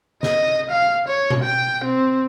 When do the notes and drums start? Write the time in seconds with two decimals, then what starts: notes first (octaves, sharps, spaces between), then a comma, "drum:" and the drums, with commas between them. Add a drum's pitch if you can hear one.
0.23 D#5, drum: snare
0.71 F5
1.08 C#5
1.30 drum: tom B2
1.43 G5
1.84 C4